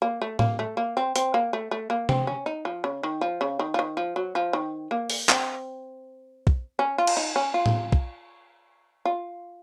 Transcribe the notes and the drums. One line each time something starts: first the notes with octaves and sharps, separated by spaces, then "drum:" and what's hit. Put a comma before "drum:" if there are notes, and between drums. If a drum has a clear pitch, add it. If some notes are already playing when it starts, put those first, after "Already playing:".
A#3
A3
A#3, drum: tom A2
A3
A#3
C4
C4, drum: hi-hat
A#3
A3
A3
A#3
C4, drum: tom C3
C#4
D#4
F3
C#3
D#3
F3
C#3
D#3
F3
D#3
F3
F#3
F3
D#3
A#3
drum: open hi-hat
C4, drum: clap
drum: kick
C#4
F4
drum: cymbal
D#4
C#4
F4
drum: tom A2
drum: kick
F4